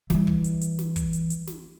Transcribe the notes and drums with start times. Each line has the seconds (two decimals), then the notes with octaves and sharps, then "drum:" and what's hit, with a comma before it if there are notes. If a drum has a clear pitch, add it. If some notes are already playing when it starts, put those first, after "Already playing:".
0.10 E3 G3, drum: snare
0.27 drum: kick
0.44 drum: hi-hat
0.61 drum: hi-hat
0.79 drum: snare
0.96 drum: kick, hi-hat
1.13 drum: hi-hat
1.30 drum: hi-hat
1.47 drum: snare